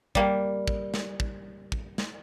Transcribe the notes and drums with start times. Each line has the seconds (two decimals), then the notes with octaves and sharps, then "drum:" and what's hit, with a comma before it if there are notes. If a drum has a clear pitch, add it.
0.15 G3 A#3, drum: kick
0.68 drum: kick
0.94 drum: snare
1.20 drum: kick
1.72 drum: kick
1.98 drum: snare